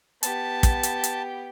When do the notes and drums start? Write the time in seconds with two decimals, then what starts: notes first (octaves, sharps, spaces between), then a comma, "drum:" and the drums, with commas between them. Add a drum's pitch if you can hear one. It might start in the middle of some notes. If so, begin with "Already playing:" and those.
0.23 B3 G4 A5, drum: hi-hat
0.63 drum: kick, hi-hat
0.83 drum: hi-hat
1.04 drum: hi-hat